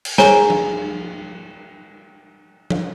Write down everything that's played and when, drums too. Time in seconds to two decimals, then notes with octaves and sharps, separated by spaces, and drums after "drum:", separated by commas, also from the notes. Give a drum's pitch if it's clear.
0.05 drum: cymbal
0.18 G#4 C5 C#5 G#5 A#5, drum: snare
0.50 drum: tom F3
2.70 drum: tom F3